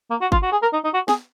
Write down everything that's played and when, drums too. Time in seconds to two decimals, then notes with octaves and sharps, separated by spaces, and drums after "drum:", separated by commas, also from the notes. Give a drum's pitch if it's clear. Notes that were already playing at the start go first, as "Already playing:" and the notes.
0.10 A#3
0.21 F#4
0.32 F4, drum: kick G1
0.43 F#4
0.52 G#4
0.62 A#4
0.73 D#4
0.84 D#4
0.94 F#4
1.08 G#4, drum: snare